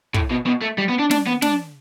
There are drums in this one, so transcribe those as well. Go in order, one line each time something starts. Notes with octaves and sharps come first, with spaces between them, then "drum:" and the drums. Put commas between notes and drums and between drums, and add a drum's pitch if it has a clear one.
A2, drum: kick
B2
B2
A3
G3
B3
D4
D4, drum: snare
B3
D4, drum: snare